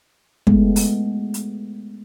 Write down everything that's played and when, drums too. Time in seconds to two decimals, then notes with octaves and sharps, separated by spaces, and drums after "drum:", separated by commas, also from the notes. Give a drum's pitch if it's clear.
0.47 G#3 A3 B3, drum: kick
0.76 drum: open hi-hat
1.34 drum: hi-hat